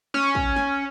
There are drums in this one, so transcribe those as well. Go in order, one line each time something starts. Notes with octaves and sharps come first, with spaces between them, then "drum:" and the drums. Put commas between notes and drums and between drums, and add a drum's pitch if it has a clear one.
C#4, drum: snare
drum: kick
drum: snare